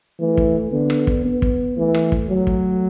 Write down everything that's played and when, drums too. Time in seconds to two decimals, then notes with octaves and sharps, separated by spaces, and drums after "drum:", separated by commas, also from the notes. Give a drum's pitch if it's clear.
0.20 E3 A3
0.37 drum: kick
0.72 D3 B3
0.90 drum: rim click
1.07 drum: kick
1.25 B3
1.42 drum: kick
1.78 E3 A3
1.94 drum: rim click
2.12 drum: kick
2.30 F#3 A3
2.47 drum: kick